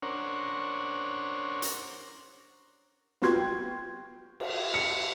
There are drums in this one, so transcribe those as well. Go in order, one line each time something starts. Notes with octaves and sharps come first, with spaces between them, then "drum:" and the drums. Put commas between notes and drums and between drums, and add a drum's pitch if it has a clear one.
C#4 D4 A#4 C5 C#5 F#5
drum: hi-hat
B3 F4 F#4 C6 G#6, drum: snare
G5
drum: cymbal
C#7